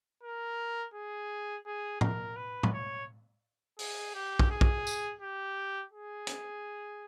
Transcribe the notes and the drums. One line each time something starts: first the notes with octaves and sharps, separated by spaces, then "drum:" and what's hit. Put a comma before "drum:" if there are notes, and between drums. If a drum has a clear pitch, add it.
A#4
G#4
G#4
A#4, drum: tom A2
B4
drum: tom A2
C#5
G#4, drum: open hi-hat
G4
drum: kick
G#4
drum: kick
drum: tambourine
G4
G#4
drum: hi-hat